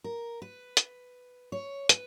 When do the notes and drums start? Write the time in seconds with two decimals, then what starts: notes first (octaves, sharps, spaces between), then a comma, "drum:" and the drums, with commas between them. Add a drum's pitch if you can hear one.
0.04 A#4
0.42 B4
0.77 drum: hi-hat
1.52 C#5
1.89 B4, drum: hi-hat